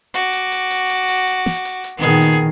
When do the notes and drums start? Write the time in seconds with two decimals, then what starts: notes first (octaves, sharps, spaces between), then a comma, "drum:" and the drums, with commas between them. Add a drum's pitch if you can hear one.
0.14 F#4 D6, drum: hi-hat
0.33 drum: hi-hat
0.52 drum: hi-hat
0.71 drum: hi-hat
0.90 drum: hi-hat
1.08 drum: hi-hat
1.27 drum: hi-hat
1.46 drum: snare
1.65 drum: hi-hat
1.84 drum: hi-hat
1.97 A#2 D#3 B3 G#4
2.22 drum: hi-hat